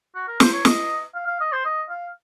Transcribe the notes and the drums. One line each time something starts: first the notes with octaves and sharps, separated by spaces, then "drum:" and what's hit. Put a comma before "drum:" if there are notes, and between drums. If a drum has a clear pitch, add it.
F#4
A#4
C5, drum: snare
C#5
D#5, drum: snare
F5
F5
D#5
C5
D#5
F5